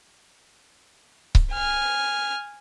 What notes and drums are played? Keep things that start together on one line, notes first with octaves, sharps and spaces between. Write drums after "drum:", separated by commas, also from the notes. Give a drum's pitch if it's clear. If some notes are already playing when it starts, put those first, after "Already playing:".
drum: kick C#1
G#5 F6